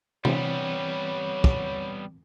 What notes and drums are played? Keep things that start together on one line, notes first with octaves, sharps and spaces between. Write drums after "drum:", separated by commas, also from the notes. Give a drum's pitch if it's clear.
E3 G3 B3 C4 C#5, drum: tom C3
drum: kick